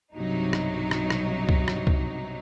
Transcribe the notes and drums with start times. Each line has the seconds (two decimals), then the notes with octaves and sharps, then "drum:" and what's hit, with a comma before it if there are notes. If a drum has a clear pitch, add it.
0.15 B1 G2 C3 F#3 D#4
0.53 drum: rim click
0.91 drum: rim click
1.10 drum: rim click
1.49 drum: kick C2
1.68 drum: rim click
1.87 drum: kick C2